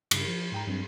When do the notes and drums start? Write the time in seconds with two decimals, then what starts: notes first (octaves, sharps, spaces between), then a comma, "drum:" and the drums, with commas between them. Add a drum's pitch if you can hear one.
0.11 G2 C#3, drum: cymbal
0.28 F3
0.52 G#2 G5 A#5
0.67 G2 F#3 C4